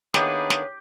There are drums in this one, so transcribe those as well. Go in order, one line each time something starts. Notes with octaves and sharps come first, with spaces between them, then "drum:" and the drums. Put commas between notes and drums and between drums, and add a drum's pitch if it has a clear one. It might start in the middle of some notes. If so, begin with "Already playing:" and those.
D#3 A#3 B3 D4 E4 G4 G#4 C#5, drum: snare
drum: snare